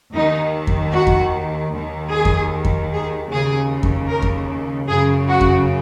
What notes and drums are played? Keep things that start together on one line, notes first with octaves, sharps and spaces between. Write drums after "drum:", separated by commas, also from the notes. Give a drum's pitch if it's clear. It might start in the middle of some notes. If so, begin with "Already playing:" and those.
D#2 D#3 D#4
drum: kick F2
F#4
drum: kick F2
D#2 D#3
G#4
drum: kick F2
drum: kick F2
G#4
D#2 C#3 G#4
drum: kick F2
A#4
drum: kick F2
F#2 C#3 G#4
F#4
drum: kick F2